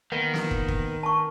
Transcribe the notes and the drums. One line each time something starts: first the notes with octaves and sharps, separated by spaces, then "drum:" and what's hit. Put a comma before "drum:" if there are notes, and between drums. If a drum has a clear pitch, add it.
D#3 A#3 B3
drum: snare
drum: kick
drum: kick
A#4
A5 C#6